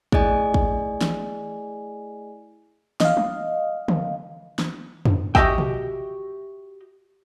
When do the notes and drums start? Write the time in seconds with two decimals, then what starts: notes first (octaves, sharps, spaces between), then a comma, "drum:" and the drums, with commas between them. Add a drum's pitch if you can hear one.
0.12 A3 E4 G#4 D5 D#5 G#5, drum: kick
0.54 drum: kick
1.01 drum: snare
3.00 D#5 F5, drum: snare
3.17 drum: tom
3.88 drum: tom D3
4.59 drum: snare
5.05 drum: tom F2
5.35 F#4 G4 B4 D#5 E5 G5, drum: kick
5.58 drum: tom B2